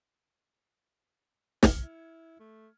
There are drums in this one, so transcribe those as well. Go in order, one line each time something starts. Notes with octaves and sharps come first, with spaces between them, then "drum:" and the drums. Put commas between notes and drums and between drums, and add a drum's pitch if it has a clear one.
F6 G#6 C#7, drum: snare
E4
A3